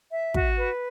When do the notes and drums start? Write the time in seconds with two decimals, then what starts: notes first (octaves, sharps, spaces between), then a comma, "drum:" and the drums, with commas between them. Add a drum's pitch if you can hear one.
0.11 E5
0.34 F#4, drum: kick
0.58 B4